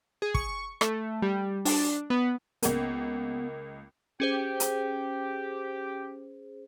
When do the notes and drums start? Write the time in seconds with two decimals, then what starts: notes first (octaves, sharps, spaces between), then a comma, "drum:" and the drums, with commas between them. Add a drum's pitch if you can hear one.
0.22 G#4
0.34 C#6, drum: kick
0.81 A3, drum: rim click
1.22 G3
1.65 D4, drum: open hi-hat
2.10 B3
2.63 C#2 A#3 B3, drum: hi-hat
4.20 C#4 G4 G#4 C5
4.60 drum: hi-hat